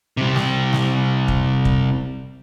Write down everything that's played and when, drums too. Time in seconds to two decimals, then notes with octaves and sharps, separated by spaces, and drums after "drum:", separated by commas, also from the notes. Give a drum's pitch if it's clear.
0.17 C3 G3
0.36 drum: snare
0.73 drum: snare
1.28 drum: kick
1.65 drum: kick